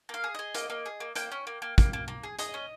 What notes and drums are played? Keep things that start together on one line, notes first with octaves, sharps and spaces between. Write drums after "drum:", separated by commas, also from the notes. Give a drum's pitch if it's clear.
A#3 F5
G#4
G#4 D#5
A#3, drum: hi-hat
A#3
G#4
A#3
A#3 G5, drum: hi-hat
C#4
A#3
A#3
A#3, drum: kick, hi-hat
A#3
A#3
G#4
G#4 D#5, drum: hi-hat
C#4